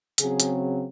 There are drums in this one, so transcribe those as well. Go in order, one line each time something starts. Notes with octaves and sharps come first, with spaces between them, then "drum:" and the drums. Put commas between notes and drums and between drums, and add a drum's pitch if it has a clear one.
C#3 F#3 C4 G#4, drum: hi-hat
drum: hi-hat